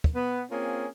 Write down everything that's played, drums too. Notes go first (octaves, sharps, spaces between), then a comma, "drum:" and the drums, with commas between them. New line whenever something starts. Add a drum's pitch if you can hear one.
drum: kick
B3
A#3 C4 C#4 F4 G#4